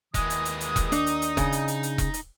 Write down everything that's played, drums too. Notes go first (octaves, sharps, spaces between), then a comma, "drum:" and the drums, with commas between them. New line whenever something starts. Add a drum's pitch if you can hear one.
D#2 D#3 E3 G#3 D#6, drum: kick E1, hi-hat
drum: hi-hat
drum: hi-hat
drum: hi-hat
drum: kick E1, hi-hat
D4 D#4, drum: hi-hat
drum: hi-hat
drum: hi-hat
C#3, drum: kick E1, hi-hat
drum: hi-hat
drum: hi-hat
drum: hi-hat
drum: kick E1, hi-hat
drum: hi-hat